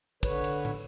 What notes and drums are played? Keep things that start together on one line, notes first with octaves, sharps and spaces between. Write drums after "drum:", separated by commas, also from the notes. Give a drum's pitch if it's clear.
D3 B4 C#5, drum: kick, cymbal
drum: cymbal
drum: tom